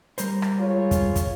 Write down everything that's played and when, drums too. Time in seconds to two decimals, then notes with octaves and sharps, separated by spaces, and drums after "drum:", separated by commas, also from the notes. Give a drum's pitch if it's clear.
0.18 G3 A#4 C5, drum: hi-hat
0.42 drum: rim click
0.60 G#3 F4 C#5
0.91 drum: kick, hi-hat
1.15 drum: kick, hi-hat